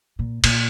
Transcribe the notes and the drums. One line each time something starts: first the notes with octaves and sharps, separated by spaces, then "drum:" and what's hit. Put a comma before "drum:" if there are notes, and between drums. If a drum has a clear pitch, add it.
A#2
A#2, drum: cymbal